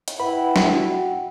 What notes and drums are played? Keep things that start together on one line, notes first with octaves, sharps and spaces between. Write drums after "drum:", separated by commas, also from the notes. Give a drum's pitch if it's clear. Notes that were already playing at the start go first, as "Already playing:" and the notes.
drum: hi-hat
E4 B4 F#5 G5 B5
drum: snare
F#4